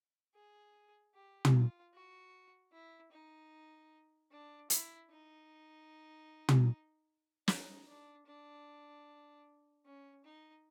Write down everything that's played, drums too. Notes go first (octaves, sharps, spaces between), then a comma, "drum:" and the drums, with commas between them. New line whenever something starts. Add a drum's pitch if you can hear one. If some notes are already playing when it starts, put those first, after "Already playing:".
G#4
G4
drum: tom
F4
F#4
E4
D#4
D4
E4, drum: hi-hat
D#4
drum: tom
D#4, drum: snare
D4
D4
C#4
D#4